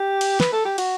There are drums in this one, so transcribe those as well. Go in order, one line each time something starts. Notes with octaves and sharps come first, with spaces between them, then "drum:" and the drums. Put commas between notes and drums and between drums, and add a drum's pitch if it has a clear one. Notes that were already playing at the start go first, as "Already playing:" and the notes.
Already playing: G4
drum: cymbal
B4, drum: snare
A4
G4
F#4, drum: cymbal